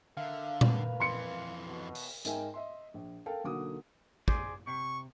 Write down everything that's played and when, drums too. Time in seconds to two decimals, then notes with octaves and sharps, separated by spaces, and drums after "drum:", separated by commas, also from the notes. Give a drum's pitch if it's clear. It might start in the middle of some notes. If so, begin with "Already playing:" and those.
0.17 D3 A#4 E5 F5
0.61 A#4 B4, drum: tom A#2
1.00 F2 E3 C6 C#7
1.66 B2
1.95 drum: open hi-hat
2.25 G#2 D#4 A#4 E5 G5 G#5, drum: hi-hat
2.54 D#5 E5 C6
2.94 A#1
3.26 A4 A#4 F5 G5 A5
3.44 B1 D3 A#3 F#4 D6 D#6
4.28 G#4 C5 D5, drum: kick
4.67 C3 C#6